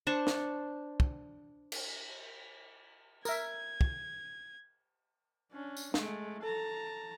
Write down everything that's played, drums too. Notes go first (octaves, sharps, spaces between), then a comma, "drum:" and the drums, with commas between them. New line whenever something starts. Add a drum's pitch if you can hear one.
D4 C5 A5 C#6
drum: snare
drum: kick
drum: cymbal
A#4 E5 G#6, drum: tambourine
drum: kick
C#4 D4
drum: tambourine
G#3 A3, drum: snare
A4 A5 A#5